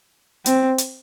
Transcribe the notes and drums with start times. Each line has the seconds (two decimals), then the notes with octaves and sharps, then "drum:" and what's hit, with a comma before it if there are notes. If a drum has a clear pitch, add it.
0.46 C4, drum: hi-hat
0.78 drum: hi-hat